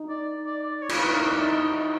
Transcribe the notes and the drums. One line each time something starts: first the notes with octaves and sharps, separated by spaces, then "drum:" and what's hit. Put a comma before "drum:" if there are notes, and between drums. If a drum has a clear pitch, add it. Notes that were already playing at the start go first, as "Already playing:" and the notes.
Already playing: D#4
D5
D5
D5
C#5
F4, drum: cymbal
E4 B4
D#4 A#4
E4 D5
D#4
D#4 D#5